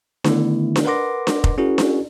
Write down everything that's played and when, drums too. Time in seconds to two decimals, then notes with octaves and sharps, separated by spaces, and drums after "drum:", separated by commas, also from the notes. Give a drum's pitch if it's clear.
0.24 D3 D#3 A3 B3 E4, drum: snare D4
0.76 drum: snare D4
0.85 A#4 B4 F#5 C6 D6 A#6
1.27 drum: snare D4
1.44 drum: kick F1
1.58 C#4 E4 F#4 G#4 A#4
1.78 drum: snare D4